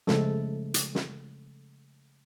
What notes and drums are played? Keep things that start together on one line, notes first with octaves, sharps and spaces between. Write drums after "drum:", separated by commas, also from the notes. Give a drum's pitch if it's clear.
C#3 F3 G#3 A3 A4, drum: snare
drum: hi-hat
drum: snare